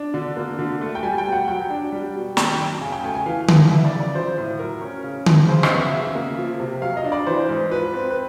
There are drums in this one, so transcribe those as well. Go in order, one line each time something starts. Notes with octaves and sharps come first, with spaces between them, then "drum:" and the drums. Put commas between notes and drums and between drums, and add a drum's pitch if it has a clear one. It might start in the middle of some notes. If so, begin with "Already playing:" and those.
Already playing: D4
D3
A#3
D3
A3
G5
G3 G#5
G5
B2
F#5
F#3 G5
D4
G3
B2
D#3 G5, drum: snare
F#2
C#3 G#5
G5
A3 G#5
G#5
E3 F5
B3, drum: tom D3
E3 E5
D5
C#3
D5
F3 C5
A2
F#3 A#4
C#4
C#3
E2, drum: tom D3
C#3 C5
D#5, drum: rim click
B3
E5
C#3
A#3
F3
C3
F#3 F5
D#5
D4
D5
E3 C5
G#2
F3 B4
C4
B4